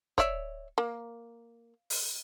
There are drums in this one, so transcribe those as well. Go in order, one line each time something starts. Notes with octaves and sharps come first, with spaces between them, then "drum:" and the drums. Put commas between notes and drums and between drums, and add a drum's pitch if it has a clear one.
C#5 D5 E5, drum: kick
A#3
drum: open hi-hat